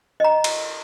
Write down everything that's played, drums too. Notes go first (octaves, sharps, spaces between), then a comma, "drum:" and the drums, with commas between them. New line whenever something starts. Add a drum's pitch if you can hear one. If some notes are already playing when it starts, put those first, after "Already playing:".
D#5 A#5
drum: cymbal